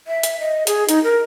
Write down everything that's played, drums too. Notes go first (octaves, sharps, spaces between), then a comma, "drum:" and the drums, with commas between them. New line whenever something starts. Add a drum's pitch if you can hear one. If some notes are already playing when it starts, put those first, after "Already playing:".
E5
drum: hi-hat
D#5
G#4, drum: hi-hat
D#4, drum: hi-hat
A#4